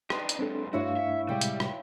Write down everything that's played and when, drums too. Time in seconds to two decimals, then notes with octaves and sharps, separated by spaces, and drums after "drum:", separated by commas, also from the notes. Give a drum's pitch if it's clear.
0.10 D4 D#4 B4 G5 C6, drum: rim click
0.29 drum: hi-hat
0.39 F#2 G#3 C4 D4 A4
0.73 G2 A3 D4 E4 F#4 C#5 F5
0.97 E5
1.29 A2 C3 G3 G#3 G5
1.41 drum: hi-hat
1.60 drum: rim click